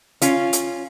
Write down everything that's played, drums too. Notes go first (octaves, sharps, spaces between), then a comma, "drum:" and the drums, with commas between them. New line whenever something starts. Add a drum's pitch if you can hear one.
C#4 F4, drum: hi-hat
drum: hi-hat